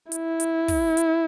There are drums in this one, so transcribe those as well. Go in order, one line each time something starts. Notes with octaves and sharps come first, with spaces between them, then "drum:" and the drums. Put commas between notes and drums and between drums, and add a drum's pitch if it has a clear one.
E4, drum: hi-hat
drum: hi-hat
drum: kick, open hi-hat
drum: hi-hat